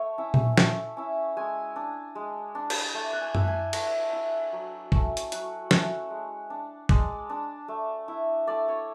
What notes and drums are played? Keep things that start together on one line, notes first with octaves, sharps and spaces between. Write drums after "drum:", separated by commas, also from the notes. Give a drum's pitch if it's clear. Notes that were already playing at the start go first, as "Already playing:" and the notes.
Already playing: A3 C#5
C#4 E4
drum: tom A#2
A3, drum: snare
C#4 E4
G#3 G#5
D4
G#3
D4
drum: cymbal
A3
F#5
G#5
E4, drum: tom F#2
G#5
A3, drum: cymbal
E4
F#3
A3 C#4, drum: kick
drum: hi-hat
F#3 F#5, drum: hi-hat
A3 C#4 F#5, drum: snare
G#3
D4
G#3 D5, drum: kick
D4
A3
E4
A3 D5
C#5